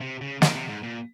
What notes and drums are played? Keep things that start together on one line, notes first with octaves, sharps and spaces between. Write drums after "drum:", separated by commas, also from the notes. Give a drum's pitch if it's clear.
C3
C#3
D#3, drum: snare
C3
G#2
A#2